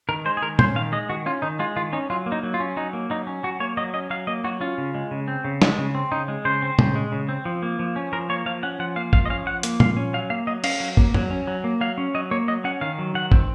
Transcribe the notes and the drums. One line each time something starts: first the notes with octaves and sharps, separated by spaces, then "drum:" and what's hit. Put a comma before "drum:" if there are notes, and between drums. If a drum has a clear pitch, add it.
D#3 A#4
G#3 C5
G#4
D#3 A#4
C#4 C5, drum: tom A#2
D#3 F5
G#3 D#5
D#3 F#4
C#4 F4
D#3 D#4
G#3 F4
D#3 F4
C#4 D#4
F#3 F4
A#3
D#4
F#3
F4
C#4
F#3 D#4
A#3
F#3 D#4
C#4
F#3 F#4
A#3 C#5
F#3 D#5
C#4 D#5
F#3 F5
A#3 D#5
F#3 F#4
C#4 F4
C#3
G#3
C#3
C4
C#3
G#3, drum: snare
C#3
C4
C#3 D#4
G#3
C#3 C5
C4
C#3, drum: tom A#2
G#3
C#3
C4
F3
A#3
F3
C#4
F3 A#4
A#3 C#5
F3 F5
C#4 F#5
F3 F#5
A#3 F5
F3 F5, drum: kick G#1
D#5
C#4 F5
F3 F#5
A#3, drum: hi-hat
F3 F5, drum: tom A#2
C#4
F#3 F5
A#3 F5
F#3 D#5
C#4 F5, drum: cymbal
F#3
A#3, drum: kick G#1
F#3, drum: tom F2
C#4
F#3
A#3
F#3 F5
C#4
F#3 D#5
A#3 C#5
F#3 D#5
C#4 F#5
D#3 F5
F#3
D#3 F#5
C4, drum: kick G#1